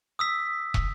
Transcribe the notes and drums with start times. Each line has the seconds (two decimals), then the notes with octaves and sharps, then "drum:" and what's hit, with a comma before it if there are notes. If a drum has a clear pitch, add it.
0.19 D#6 E6 B6
0.74 drum: kick